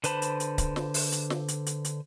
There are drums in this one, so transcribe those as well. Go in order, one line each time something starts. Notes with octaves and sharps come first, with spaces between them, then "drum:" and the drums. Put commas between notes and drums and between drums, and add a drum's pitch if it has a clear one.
D3 B4 C5 A5 B5, drum: hi-hat
drum: hi-hat
drum: hi-hat
drum: kick C#1, hi-hat
drum: snare
drum: open hi-hat
drum: hi-hat
drum: snare
drum: hi-hat
drum: hi-hat
drum: hi-hat